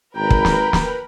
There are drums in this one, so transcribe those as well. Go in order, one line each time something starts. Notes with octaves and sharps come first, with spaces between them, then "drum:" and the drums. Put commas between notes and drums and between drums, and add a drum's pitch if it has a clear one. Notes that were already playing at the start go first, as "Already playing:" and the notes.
G#1 A#4 B4 G5 A#5 B5
drum: kick
drum: snare
drum: snare